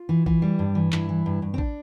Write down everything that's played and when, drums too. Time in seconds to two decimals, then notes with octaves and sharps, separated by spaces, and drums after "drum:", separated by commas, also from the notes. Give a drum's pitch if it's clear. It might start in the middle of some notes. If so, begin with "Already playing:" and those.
Already playing: F4
0.09 E3
0.26 E3, drum: kick
0.42 G3
0.59 G2
0.75 E3
0.92 G2 E4, drum: clap
1.09 E3
1.26 G2
1.42 G2
1.54 C4
1.58 D4, drum: kick